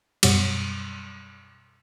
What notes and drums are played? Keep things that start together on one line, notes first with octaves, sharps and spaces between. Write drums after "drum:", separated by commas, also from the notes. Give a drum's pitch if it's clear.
F#2 B2 F#3 G3, drum: cymbal